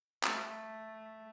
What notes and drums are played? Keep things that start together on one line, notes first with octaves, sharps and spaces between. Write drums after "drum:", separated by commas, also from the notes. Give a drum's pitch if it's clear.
A3, drum: clap